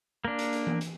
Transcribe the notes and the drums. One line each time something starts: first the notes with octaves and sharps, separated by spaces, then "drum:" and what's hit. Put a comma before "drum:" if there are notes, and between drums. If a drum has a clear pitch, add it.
A#3 D4
drum: hi-hat
drum: hi-hat
drum: tom E3
drum: hi-hat